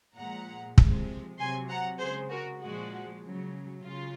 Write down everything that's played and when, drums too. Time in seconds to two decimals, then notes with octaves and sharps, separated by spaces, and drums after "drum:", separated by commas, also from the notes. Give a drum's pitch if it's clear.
0.16 A#2 F3 G#3 F#5 A#5
0.78 C3 F3 G#3, drum: kick
1.39 C3 F#3 G#5 C6
1.69 F#5 A#5
2.00 C#3 G#3 G#4 C5
2.30 F#4 A#4
2.62 A#2 F3 G#3 F#4
3.23 C#3 F#3
3.84 C#3 G#3 F4